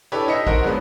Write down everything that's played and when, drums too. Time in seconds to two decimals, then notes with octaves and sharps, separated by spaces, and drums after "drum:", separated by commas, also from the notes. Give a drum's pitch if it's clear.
0.12 D4 E4 G4 A4 B4 C#5
0.28 D#4 D#5 E5 C#7
0.47 F#4 A#4 C5, drum: kick
0.63 F3 F#3 G#3 B3 D4 B4